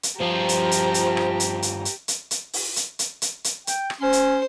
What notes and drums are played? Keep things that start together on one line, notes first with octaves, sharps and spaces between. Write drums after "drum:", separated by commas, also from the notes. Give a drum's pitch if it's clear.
drum: hi-hat
G2 F3 F4 G4 C5 A#5
drum: hi-hat
drum: hi-hat
drum: hi-hat
drum: rim click
drum: hi-hat
drum: hi-hat
drum: hi-hat
drum: hi-hat
drum: hi-hat
drum: open hi-hat
drum: hi-hat
drum: hi-hat
drum: hi-hat
drum: hi-hat
G5, drum: hi-hat
drum: rim click
C#4 C5
drum: hi-hat